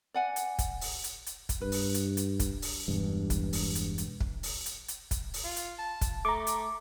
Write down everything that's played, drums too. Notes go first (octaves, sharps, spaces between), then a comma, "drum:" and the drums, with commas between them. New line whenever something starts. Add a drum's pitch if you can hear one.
D5 F#5 G#5
drum: hi-hat
drum: kick, hi-hat
drum: open hi-hat
drum: hi-hat
drum: hi-hat
drum: kick, hi-hat
G2 B4
drum: open hi-hat
drum: hi-hat
drum: hi-hat
drum: kick, hi-hat
drum: open hi-hat
E1 G2
drum: kick, hi-hat
drum: open hi-hat
drum: hi-hat
drum: hi-hat
drum: kick
drum: open hi-hat
drum: hi-hat
drum: hi-hat
drum: kick, hi-hat
drum: open hi-hat
F4
drum: hi-hat
A5
drum: kick, hi-hat
A3 A#5 D6
drum: hi-hat